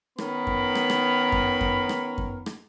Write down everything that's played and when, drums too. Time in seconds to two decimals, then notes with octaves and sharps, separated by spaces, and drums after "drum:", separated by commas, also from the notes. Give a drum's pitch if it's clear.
0.18 D#3 B3 C#4 A#4 B5, drum: rim click
0.47 drum: kick F#2
0.75 drum: rim click
0.90 drum: rim click
1.32 drum: kick F#2
1.61 drum: kick F#2
1.89 drum: rim click
2.18 drum: kick F#2
2.46 drum: rim click